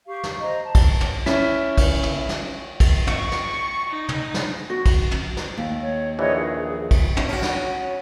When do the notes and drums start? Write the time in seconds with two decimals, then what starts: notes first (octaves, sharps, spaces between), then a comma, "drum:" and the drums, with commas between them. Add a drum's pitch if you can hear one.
0.07 G4 F5 C#6
0.24 drum: snare
0.40 C5 D#5 A#5
0.63 A5
0.75 drum: kick, cymbal
1.01 drum: tom
1.26 C#4 E4 E5 B6, drum: snare
1.78 drum: kick, cymbal
2.03 drum: tom
2.29 drum: snare
2.80 drum: kick, cymbal
3.07 C#6, drum: tom
3.32 drum: snare
3.89 D#4
4.09 drum: tom
4.34 drum: snare
4.70 F#4
4.86 drum: kick, cymbal
5.11 drum: tom
5.37 drum: snare
5.57 D#2
5.82 C#5
6.19 A#1 D#3 E3 C#5 D#5
6.36 G#4
6.91 drum: kick, cymbal
7.17 drum: tom
7.29 C#4 F#4
7.42 drum: snare